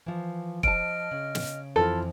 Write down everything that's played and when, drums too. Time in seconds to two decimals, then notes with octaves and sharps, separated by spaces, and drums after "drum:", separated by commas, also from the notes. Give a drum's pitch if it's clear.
0.06 E3 F3
0.63 F3 D#5 A5 F6 D7, drum: kick
1.11 C#3
1.35 drum: snare
1.76 F2 E3 E4 F4 A4